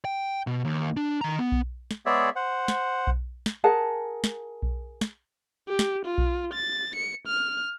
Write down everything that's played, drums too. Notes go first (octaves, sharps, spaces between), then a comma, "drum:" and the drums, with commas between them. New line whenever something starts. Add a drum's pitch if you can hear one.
G5
B2
D#2
D4
D#3 A#5
B3
drum: kick B1
drum: snare
G#3 B3 G#4 C#5 D5 E5
C5 F#5
drum: snare
drum: kick B1
drum: snare
G#4 A#4 F#5 A5
drum: snare
drum: kick B1
drum: snare
G4
drum: snare
F4
drum: kick B1
A6
C#7
F6